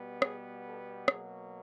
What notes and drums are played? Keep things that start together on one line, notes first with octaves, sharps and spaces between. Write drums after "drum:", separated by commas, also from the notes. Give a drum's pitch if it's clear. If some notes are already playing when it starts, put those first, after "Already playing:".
Already playing: B2 G3 B3
G#4, drum: rim click
A4
B2 F#3 A#3 G#4, drum: rim click